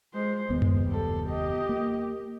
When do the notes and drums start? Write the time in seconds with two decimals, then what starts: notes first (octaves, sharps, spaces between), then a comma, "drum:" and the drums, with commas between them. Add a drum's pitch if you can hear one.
0.14 G#3 C5
0.49 F1 D#2 G#3 B3
0.62 drum: tom F#2
0.88 G3 A4
1.28 G4 D#5
1.69 A#3